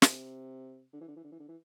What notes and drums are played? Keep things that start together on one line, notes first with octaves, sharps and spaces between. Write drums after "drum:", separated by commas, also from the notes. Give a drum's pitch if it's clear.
C3, drum: snare
D3
E3
D3
E3
D3
E3
D3
E3